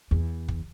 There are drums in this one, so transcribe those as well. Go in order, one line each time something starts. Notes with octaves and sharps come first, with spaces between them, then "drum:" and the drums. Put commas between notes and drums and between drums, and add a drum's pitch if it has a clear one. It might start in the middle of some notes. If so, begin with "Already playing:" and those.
E2
drum: kick